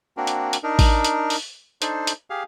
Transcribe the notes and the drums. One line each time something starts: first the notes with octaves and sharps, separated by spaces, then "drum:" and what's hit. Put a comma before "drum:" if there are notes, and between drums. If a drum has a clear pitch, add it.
A#3 C4 D4 F#4 A#4
drum: hi-hat
drum: hi-hat
D4 D#4 A#4
drum: kick A1, open hi-hat
drum: hi-hat
drum: open hi-hat
D4 D#4 A4 C5, drum: hi-hat
drum: hi-hat
G4 G#4 F5